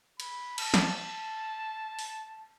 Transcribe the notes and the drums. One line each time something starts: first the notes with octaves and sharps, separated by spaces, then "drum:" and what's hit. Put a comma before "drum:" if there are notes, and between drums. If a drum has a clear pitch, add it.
B5, drum: cymbal
A5, drum: cymbal
drum: snare
A5
drum: open hi-hat